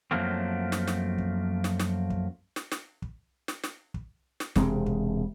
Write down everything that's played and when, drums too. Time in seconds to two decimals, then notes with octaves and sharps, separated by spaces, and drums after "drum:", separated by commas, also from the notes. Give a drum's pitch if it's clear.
0.11 F#2 F3 F#3 A3 A#3 C4
0.72 drum: snare
0.88 drum: snare
1.18 drum: kick
1.64 drum: snare
1.80 drum: snare
2.10 drum: kick
2.56 drum: snare
2.72 drum: snare
3.02 drum: kick
3.48 drum: snare
3.64 drum: snare
3.94 drum: kick
4.40 drum: snare
4.56 E1 C3 G#3 C4, drum: snare
4.86 drum: kick